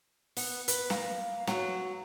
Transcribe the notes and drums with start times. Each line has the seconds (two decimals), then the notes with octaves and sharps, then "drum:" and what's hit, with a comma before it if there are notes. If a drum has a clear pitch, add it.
0.37 B3, drum: open hi-hat
0.68 B4, drum: hi-hat
0.90 A#3, drum: snare
1.47 F#3, drum: snare